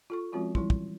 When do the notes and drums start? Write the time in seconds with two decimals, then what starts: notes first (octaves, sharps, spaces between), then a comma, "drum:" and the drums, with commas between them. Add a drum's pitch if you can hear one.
0.10 F4 A4 C#6
0.32 F3 G#3 C4 C#4 F4 F#4
0.55 E3 G3 E4, drum: kick
0.70 drum: kick